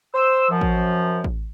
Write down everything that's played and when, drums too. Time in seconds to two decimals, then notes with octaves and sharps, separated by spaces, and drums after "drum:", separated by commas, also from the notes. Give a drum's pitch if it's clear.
0.14 C5 E6
0.50 F#2 F3
0.61 drum: kick A1
1.24 drum: kick A1